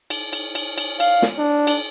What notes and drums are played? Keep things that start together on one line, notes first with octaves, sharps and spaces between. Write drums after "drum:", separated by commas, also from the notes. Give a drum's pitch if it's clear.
drum: cymbal
drum: cymbal
drum: cymbal
drum: cymbal
F5, drum: cymbal
drum: snare
D4
drum: cymbal